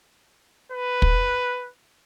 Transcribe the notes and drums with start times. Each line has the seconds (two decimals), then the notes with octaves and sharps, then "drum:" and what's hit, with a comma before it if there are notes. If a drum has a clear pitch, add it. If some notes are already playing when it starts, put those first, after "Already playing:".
0.72 B4
1.02 drum: kick